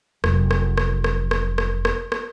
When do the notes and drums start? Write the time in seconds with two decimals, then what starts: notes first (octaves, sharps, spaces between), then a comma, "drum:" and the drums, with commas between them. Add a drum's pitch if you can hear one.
0.24 F1 F#3, drum: rim click
0.51 drum: rim click
0.78 drum: rim click
1.04 drum: rim click
1.31 drum: rim click
1.58 drum: rim click
1.85 drum: rim click
2.12 drum: rim click